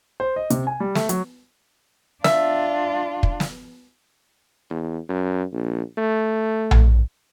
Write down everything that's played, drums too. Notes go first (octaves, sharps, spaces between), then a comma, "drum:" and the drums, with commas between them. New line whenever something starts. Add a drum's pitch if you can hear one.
C5
D#5
C3, drum: hi-hat
G#5
G3
A3, drum: snare
F#3, drum: hi-hat
D4 F4 E5, drum: snare
drum: kick
drum: snare
E2
F#2
A#1
A3
drum: tom A#1